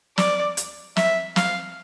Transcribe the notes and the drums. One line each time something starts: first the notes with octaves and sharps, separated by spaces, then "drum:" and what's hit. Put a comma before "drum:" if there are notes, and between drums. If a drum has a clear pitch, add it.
D5, drum: snare
drum: hi-hat
E5, drum: snare
F5, drum: snare